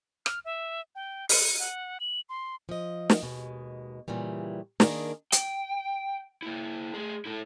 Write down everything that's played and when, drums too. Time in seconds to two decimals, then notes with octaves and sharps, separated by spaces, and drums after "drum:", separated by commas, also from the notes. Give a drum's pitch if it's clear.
0.26 F6, drum: rim click
0.45 E5
0.95 G5
1.29 C#7, drum: open hi-hat
1.59 F#5
2.00 F#7
2.29 C6
2.69 F3 D#5
3.10 drum: snare
3.22 D#2 G#2 B2 G#3
4.08 A#2 C#3 E3 G3
4.80 D#3 A#3 D4 F4 G#4 A#4, drum: snare
5.32 G5, drum: hi-hat
6.42 A#3 E4
6.94 A3 G#4
7.25 E4 A4